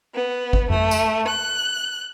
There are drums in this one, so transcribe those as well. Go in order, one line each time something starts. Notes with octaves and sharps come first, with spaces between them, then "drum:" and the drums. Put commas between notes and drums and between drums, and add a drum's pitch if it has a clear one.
B3
drum: kick G#1
A3, drum: tom F2
drum: tambourine
F#6